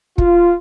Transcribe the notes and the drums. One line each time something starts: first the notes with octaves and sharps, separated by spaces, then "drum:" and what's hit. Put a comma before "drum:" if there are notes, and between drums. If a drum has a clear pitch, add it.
F4, drum: kick